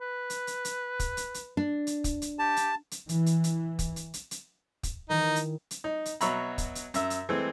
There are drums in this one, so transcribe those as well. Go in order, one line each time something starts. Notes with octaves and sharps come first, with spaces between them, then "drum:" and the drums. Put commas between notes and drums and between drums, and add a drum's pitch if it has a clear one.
B4
drum: hi-hat
drum: hi-hat
drum: hi-hat
drum: kick, hi-hat
drum: hi-hat
drum: hi-hat
D4
drum: hi-hat
drum: kick, hi-hat
drum: hi-hat
G4 A5
drum: hi-hat
drum: hi-hat
E3, drum: hi-hat
drum: hi-hat
drum: hi-hat
drum: kick, hi-hat
drum: hi-hat
drum: hi-hat
drum: hi-hat
drum: kick, hi-hat
D#3 E3 D#4
drum: hi-hat
drum: hi-hat
D#4
drum: hi-hat
B2 F#3 C#5 E5 A#5 B5, drum: hi-hat
drum: kick, hi-hat
drum: hi-hat
F#2 E5, drum: hi-hat
drum: hi-hat
E3 G#3 A3 C4